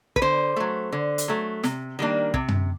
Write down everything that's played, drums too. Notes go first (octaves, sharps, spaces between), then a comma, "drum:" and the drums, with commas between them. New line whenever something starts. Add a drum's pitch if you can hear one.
B4, drum: kick
D3 C5
F#3 A3
D3
drum: hi-hat
F#3 A3
C3, drum: snare
D#3 G3 A#3 D4
C3, drum: kick
drum: tom F#2